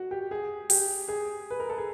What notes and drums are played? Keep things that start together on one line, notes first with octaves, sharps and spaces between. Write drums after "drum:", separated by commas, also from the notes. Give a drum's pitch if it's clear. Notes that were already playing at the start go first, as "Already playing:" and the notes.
Already playing: F#4
G4
G#4
G4, drum: open hi-hat
G#4
B4
A#4
A4
G#4